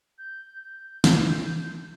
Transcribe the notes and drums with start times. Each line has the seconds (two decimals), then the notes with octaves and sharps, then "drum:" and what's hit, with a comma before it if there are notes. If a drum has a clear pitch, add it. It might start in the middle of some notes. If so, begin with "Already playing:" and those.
0.18 G6
0.61 G6
1.04 drum: snare